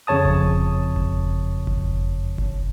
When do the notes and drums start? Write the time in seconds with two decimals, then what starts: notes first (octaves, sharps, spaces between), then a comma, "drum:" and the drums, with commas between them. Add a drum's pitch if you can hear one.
0.07 F2 C#3 C#5 A5 D#6
0.25 drum: kick F#1
0.96 drum: kick F#1
1.67 drum: kick F#1
2.38 drum: kick F#1